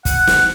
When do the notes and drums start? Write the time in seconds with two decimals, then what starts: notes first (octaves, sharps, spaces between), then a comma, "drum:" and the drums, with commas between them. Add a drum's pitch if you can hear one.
0.05 F#5, drum: kick, hi-hat
0.27 drum: snare